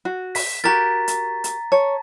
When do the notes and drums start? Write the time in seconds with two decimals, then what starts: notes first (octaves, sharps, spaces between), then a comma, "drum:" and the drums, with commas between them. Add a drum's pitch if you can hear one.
0.05 F#4
0.35 B6, drum: open hi-hat
0.64 F#4 G4 A#4 A#5 A6
1.08 drum: hi-hat
1.44 drum: hi-hat
1.72 C#5 A5